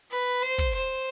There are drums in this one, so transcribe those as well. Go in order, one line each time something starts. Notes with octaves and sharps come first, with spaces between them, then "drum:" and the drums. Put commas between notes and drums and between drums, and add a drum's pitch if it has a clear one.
B4
C5
drum: kick
C5